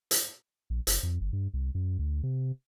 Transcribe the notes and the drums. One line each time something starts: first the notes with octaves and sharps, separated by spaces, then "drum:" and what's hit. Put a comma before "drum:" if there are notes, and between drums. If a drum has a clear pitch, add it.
drum: hi-hat
A#1
F#1, drum: hi-hat
F2
G1
G2
C2
F#2
D2
C3